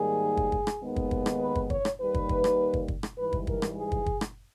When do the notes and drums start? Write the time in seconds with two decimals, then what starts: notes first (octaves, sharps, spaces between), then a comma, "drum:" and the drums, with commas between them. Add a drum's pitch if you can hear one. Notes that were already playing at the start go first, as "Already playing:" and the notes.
Already playing: G#2 D#3 G3 A#3 G#4
0.37 drum: kick
0.52 drum: kick
0.67 drum: rim click
0.81 D#2 D#3 G#3 B3
0.96 drum: kick
1.11 drum: kick
1.26 drum: rim click
1.40 B4
1.55 drum: kick
1.70 C#5, drum: kick
1.85 drum: rim click
1.99 D#2 D#3 G3 A#3 B4
2.14 drum: kick
2.29 drum: kick
2.44 drum: rim click
2.74 drum: kick
2.88 drum: kick
3.03 drum: rim click
3.18 G#2 E3 G3 B4
3.33 drum: kick
3.47 A#4, drum: kick
3.62 drum: rim click
3.77 G#4
3.92 drum: kick
4.06 drum: kick
4.21 drum: rim click